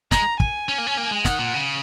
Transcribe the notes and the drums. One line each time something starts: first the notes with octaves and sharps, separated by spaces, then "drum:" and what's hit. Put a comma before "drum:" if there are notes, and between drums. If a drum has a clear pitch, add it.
G#3 A#5, drum: snare
G#5, drum: kick
C#4
A#3
C#4
A#3
G#3
D#3 F#5, drum: snare
A#2
C#3